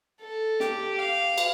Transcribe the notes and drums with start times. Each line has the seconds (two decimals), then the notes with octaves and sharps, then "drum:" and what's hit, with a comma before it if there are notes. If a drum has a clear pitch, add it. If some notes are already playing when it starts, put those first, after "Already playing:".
0.21 A4
0.60 G4, drum: snare
0.99 F5
1.38 drum: cymbal